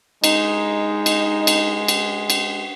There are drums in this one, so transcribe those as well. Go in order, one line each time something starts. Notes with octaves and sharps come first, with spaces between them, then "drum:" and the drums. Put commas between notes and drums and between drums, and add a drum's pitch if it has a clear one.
G#3 D#4, drum: cymbal
drum: cymbal
drum: cymbal
drum: cymbal
drum: cymbal